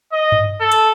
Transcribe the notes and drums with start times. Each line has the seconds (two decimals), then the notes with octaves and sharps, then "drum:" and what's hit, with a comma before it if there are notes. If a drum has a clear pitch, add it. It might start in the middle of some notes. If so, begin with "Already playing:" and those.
0.12 D#5
0.32 drum: tom G2
0.60 A4
0.72 drum: hi-hat